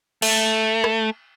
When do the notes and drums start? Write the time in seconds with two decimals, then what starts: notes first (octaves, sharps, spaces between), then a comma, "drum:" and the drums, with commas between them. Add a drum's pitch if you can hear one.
0.22 A3, drum: cymbal
0.84 drum: rim click